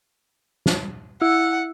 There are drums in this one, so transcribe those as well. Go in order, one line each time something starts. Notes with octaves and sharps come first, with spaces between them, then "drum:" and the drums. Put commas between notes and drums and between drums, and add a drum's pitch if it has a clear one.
drum: snare
E4 F#5